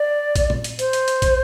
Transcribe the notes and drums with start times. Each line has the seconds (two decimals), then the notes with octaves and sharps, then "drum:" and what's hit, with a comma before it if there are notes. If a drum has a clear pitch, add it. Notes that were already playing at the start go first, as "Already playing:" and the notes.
Already playing: D5
0.36 drum: kick, hi-hat
0.50 drum: tom A#2
0.64 drum: hi-hat
0.79 C5, drum: hi-hat
0.93 drum: hi-hat
1.08 drum: hi-hat
1.22 drum: kick, hi-hat